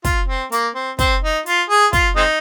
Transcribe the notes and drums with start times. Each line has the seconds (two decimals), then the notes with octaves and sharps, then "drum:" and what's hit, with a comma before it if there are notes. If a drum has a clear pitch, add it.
0.04 F4, drum: kick, hi-hat
0.28 C4
0.52 A#3, drum: hi-hat
0.75 C4
0.99 C4, drum: kick, hi-hat
1.23 D#4
1.46 F4, drum: hi-hat
1.70 G#4
1.93 F4, drum: kick, hi-hat
2.16 G#3 C4 D#4